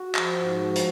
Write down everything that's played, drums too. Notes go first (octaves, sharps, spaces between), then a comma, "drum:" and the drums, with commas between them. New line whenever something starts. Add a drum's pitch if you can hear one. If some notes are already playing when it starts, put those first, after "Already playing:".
Already playing: F#4
F3, drum: clap
G#2
F3
drum: hi-hat